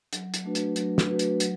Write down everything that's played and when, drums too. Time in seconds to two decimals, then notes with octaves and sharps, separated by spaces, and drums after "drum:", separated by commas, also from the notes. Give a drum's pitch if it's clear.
0.13 F#3, drum: hi-hat
0.34 drum: hi-hat
0.44 A3 D4 F#4 B4
0.55 drum: hi-hat
0.76 F#3, drum: hi-hat
0.98 drum: snare
1.09 A3 D4 F#4 B4
1.19 drum: hi-hat
1.40 F#3, drum: hi-hat